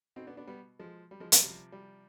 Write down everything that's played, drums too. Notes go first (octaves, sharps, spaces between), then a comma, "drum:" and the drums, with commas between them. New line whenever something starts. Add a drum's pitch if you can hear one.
B2 C4 D#4
B3 D4
B3 D4
G3 B3
F3 G#3
G3
F3 G#3
G3, drum: hi-hat
C3 F3
G3